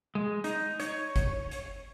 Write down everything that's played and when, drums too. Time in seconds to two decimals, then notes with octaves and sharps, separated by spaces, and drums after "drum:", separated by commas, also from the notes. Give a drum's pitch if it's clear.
0.15 G#3
0.44 D#4, drum: hi-hat
0.80 C#5, drum: hi-hat
1.16 drum: kick G1, hi-hat
1.51 drum: hi-hat